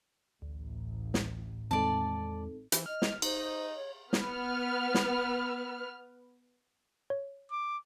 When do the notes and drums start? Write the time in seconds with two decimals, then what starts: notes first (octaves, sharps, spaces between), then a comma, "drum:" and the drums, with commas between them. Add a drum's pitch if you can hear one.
0.42 A1 D2
1.14 drum: snare
1.71 E2 D#3 G#3 C4 D#4 A4 D5 A5
2.72 E3 C5, drum: hi-hat
2.86 D#5 F6
3.02 drum: snare
3.22 D#4 C5, drum: cymbal
3.75 C#5
4.13 B3 B4 F6, drum: snare
4.95 drum: snare
7.10 C#5
7.51 D6